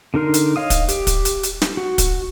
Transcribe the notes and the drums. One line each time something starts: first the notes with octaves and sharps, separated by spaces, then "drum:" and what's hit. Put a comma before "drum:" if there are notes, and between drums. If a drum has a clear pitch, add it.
D3 D#4 A#4 C6
drum: hi-hat
C#5 D#5 F5 D#6
drum: kick, hi-hat
G4, drum: hi-hat
drum: kick, hi-hat
drum: hi-hat
drum: hi-hat
drum: snare
F#4
drum: kick, hi-hat